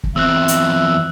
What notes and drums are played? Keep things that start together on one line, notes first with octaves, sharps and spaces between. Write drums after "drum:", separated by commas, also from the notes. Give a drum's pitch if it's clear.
drum: kick
E2 C4 E5 E6 F#6
drum: hi-hat